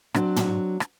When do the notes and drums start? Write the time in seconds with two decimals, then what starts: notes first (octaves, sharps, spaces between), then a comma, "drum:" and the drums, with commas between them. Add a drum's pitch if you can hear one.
0.14 F#3 C4 D4, drum: rim click
0.36 drum: tom
0.80 drum: rim click